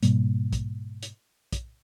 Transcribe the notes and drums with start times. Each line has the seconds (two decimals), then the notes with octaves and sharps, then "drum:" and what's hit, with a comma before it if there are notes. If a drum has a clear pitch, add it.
0.03 G#2 B2 G3 A#3, drum: hi-hat
0.53 drum: kick, hi-hat
1.03 drum: hi-hat
1.53 drum: kick, hi-hat